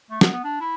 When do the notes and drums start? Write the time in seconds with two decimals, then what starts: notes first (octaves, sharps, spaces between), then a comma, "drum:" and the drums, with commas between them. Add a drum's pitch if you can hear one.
0.10 A3
0.21 B3, drum: snare
0.32 B3
0.44 D4
0.61 E4